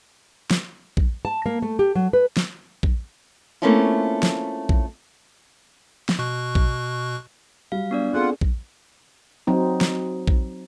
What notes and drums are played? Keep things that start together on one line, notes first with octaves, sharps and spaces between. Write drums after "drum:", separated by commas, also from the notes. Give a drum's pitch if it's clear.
drum: snare
drum: kick
A5
A#3
A3
G4
F#3
B4
drum: snare
drum: kick
A3 A#3 C4 C#4 E4 F4
drum: snare
drum: kick
drum: snare
B2 C#6 F#6
drum: kick
F#3 G3 F5
B3 D4 D5
C4 F4 G#4 A4 F#5
drum: kick
F#3 C4 D#4
drum: snare
drum: kick